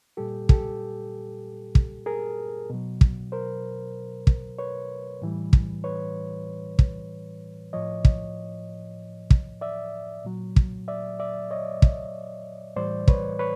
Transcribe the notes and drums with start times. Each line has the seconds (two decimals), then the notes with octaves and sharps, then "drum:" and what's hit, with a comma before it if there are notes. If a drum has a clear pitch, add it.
0.17 A#2 G3 G4 A4
0.49 G4 A4, drum: kick
1.75 drum: kick
2.06 G#4 A#4
2.70 B2 F#3
3.01 drum: kick
3.32 A#4 C5
4.27 drum: kick
4.59 B4 C#5
5.22 A2 E3 G3
5.53 drum: kick
5.84 B4 C#5
6.79 drum: kick
7.73 A2 F3 C#5 D#5
8.05 drum: kick
9.31 drum: kick
9.61 D5 E5
10.25 A#2 F#3
10.56 drum: kick
10.88 D5 E5
11.20 D5 E5
11.51 C#5 D#5
11.82 drum: kick
12.76 A2 E3 G3 C5 D5
13.08 B4 C#5, drum: kick
13.39 B4 C#5